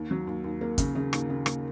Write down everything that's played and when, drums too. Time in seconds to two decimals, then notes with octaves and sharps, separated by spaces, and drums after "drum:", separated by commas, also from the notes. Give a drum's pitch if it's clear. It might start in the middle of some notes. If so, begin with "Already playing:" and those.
Already playing: D#2
0.11 F#3
0.27 D#2
0.44 D#2
0.61 A#3
0.78 C#3, drum: kick, hi-hat
0.95 C#3
1.13 D#2, drum: rim click
1.29 C#3
1.46 A#3, drum: rim click